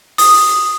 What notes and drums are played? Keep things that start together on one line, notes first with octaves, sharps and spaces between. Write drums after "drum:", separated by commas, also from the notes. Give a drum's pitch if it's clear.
D#6, drum: open hi-hat